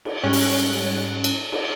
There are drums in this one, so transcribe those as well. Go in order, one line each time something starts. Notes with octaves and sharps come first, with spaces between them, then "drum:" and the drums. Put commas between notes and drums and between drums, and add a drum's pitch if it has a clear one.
drum: cymbal
G#2 G3 C#4 F#6
drum: open hi-hat
drum: cymbal
drum: cymbal